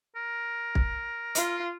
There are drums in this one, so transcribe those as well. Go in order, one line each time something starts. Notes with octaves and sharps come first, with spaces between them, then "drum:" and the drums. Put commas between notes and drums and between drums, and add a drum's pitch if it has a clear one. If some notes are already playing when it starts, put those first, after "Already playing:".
A#4
drum: kick
F4, drum: hi-hat